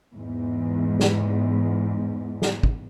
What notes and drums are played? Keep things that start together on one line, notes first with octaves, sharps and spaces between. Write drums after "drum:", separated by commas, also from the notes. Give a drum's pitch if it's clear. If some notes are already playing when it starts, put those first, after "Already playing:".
E2 G#2
drum: snare
drum: snare
drum: kick